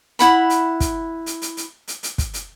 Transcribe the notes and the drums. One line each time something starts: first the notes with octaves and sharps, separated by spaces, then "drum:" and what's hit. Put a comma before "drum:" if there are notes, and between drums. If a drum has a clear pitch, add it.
E4 F#5 B5, drum: hi-hat
drum: hi-hat
drum: kick, hi-hat
drum: hi-hat
drum: hi-hat
drum: hi-hat
drum: hi-hat
drum: hi-hat
drum: kick, hi-hat
drum: hi-hat